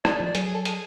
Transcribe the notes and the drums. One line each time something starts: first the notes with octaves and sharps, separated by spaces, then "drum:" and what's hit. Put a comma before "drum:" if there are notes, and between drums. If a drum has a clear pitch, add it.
D5, drum: rim click
D5
F3
D5
F#3 G#4, drum: hi-hat
G#4
A4
G#4, drum: hi-hat